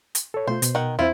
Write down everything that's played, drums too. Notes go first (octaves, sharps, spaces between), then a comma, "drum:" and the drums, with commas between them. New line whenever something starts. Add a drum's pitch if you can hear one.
drum: hi-hat
A4 C#5
B2 A3 F4 C5
B2, drum: hi-hat
D#3 F#5
E2 C4 E4 F4 C5